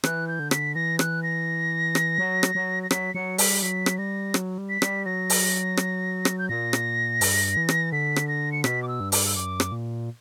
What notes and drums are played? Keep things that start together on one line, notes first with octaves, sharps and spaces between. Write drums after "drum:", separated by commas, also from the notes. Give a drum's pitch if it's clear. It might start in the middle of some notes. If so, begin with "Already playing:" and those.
E3 F#6, drum: rim click
G6
D3
B6, drum: rim click
E3 A#6
F#6, drum: rim click
A#6
drum: rim click
F#3
drum: rim click
F#3
A#6
F#3 B6, drum: rim click
F#3 C#7
G3 B6, drum: open hi-hat
F#3 B6
drum: rim click
G3 A#6
F#3, drum: rim click
G3
B6
G3, drum: rim click
F#3 A#6
drum: open hi-hat
drum: rim click
drum: rim click
G6
A#2 A#6
drum: rim click
G2, drum: open hi-hat
E3
drum: rim click
D3 B6
drum: rim click
A#6
C#7
B2 B6, drum: rim click
D6
E6
G2
D6, drum: open hi-hat
E6
F#2 D6
drum: rim click
A#2